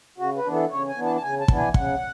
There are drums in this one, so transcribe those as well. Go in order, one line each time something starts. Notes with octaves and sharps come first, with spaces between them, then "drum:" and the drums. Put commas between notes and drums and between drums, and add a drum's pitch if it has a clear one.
C#3 F#4
B4
E3 B3 D4
A4
C#3 C#5
G#5
E3 B3 D4
A5
A5
C#3 G#5
A5
E3 B3 D4, drum: kick
G#5
C#3 F#5, drum: kick